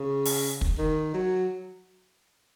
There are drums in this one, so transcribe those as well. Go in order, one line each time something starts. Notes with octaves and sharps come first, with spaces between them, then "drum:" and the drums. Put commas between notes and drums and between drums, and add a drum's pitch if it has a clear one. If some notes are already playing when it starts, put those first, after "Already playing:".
Already playing: C#3
drum: open hi-hat
drum: kick
D#3
F#3